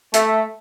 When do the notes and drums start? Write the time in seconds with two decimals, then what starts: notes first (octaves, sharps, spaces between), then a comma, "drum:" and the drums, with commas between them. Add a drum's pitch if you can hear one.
0.14 A3, drum: hi-hat